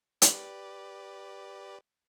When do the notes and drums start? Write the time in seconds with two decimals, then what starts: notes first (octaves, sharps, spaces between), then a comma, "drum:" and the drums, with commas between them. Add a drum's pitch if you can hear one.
0.22 G4 B4 D5, drum: hi-hat